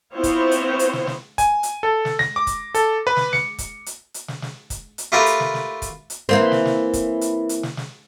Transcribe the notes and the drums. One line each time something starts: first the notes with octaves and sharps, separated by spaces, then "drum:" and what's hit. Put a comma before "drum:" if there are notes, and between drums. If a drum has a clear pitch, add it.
B3 C4 E4 F4 C5 C#5
drum: kick, hi-hat
drum: hi-hat
drum: hi-hat
drum: snare
drum: snare
G#5, drum: kick, hi-hat
drum: hi-hat
A4
drum: snare
A#6, drum: snare
D6
drum: kick, hi-hat
A4, drum: hi-hat
B4
drum: snare
C#7, drum: snare
drum: kick, hi-hat
drum: hi-hat
drum: hi-hat
drum: snare
drum: snare
drum: kick, hi-hat
drum: hi-hat
A3 F4 G4 A#4 B4 F5
drum: hi-hat
drum: snare
drum: snare
drum: kick, hi-hat
drum: hi-hat
E3 A#3 C4
drum: snare
drum: snare
drum: kick, hi-hat
drum: hi-hat
drum: hi-hat
drum: snare
drum: snare